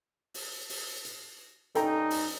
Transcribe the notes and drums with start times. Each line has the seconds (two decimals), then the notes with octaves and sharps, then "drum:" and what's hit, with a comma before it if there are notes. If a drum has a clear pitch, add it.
0.34 drum: open hi-hat
0.70 drum: open hi-hat
1.05 drum: hi-hat
1.75 G2 C#4 D#4 A4 G5 A#5, drum: hi-hat
2.10 drum: open hi-hat